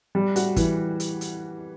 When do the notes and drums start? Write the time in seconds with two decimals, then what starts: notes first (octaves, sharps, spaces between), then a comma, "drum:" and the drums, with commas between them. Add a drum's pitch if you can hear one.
0.15 G3
0.36 F#4, drum: hi-hat
0.56 E3, drum: kick, hi-hat
1.00 drum: hi-hat
1.21 drum: hi-hat